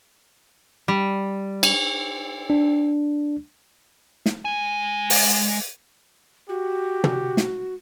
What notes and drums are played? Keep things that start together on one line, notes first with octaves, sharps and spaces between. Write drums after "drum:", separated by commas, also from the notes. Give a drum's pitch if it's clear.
G3
drum: cymbal
D4
drum: snare
G#3 G#5
drum: open hi-hat
F#4 G4
drum: tom
drum: snare